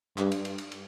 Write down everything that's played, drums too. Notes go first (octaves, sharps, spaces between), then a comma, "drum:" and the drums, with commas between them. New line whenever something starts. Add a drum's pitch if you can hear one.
G2, drum: clap
drum: cymbal
drum: cymbal
drum: cymbal
drum: cymbal